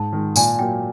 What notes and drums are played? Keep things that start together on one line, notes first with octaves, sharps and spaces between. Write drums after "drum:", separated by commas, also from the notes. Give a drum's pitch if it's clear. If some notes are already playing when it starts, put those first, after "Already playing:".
Already playing: G#2 A5
D#3 G#3
A#2 G#5, drum: tambourine
F#3 A#3 G5